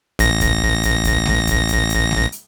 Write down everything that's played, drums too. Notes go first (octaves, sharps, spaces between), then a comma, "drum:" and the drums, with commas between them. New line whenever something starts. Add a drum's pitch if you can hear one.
A1 A#6, drum: hi-hat
drum: kick C#2, hi-hat
drum: hi-hat
drum: kick C#2, hi-hat
drum: snare G#3
drum: kick C#2, hi-hat
drum: hi-hat
drum: hi-hat
drum: snare G#3
drum: hi-hat